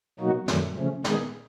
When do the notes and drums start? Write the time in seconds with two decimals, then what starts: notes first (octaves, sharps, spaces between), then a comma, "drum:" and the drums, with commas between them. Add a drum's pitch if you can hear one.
0.20 B2 F#3 A#3 D#4 F#4
0.48 F#2 D#3 F#3 A3, drum: snare
0.77 C#3 F3 A3 C#4
1.04 D#3 G#3 B3 D#4 G#4, drum: snare